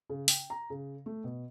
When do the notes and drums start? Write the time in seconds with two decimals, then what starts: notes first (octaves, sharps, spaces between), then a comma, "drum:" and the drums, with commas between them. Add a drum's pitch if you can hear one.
0.10 C#3
0.28 G5, drum: open hi-hat
0.50 A#5
0.70 C#3
1.06 A3
1.24 B2